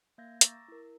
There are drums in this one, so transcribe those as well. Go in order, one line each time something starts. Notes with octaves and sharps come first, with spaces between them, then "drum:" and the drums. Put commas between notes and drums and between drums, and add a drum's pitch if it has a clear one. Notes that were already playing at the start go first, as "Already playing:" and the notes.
A#3 E5 F5 G6 G#6 A#6
A#5 C#6 D6 E6 A6 A#6, drum: hi-hat
E4 A#4